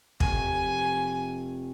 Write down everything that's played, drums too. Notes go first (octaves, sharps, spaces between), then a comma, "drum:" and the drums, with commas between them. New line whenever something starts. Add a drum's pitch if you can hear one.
F1 G#5, drum: kick